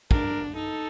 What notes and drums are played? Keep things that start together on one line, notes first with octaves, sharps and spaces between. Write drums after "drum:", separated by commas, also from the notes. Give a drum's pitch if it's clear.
D4 A#4, drum: kick
D#4 A4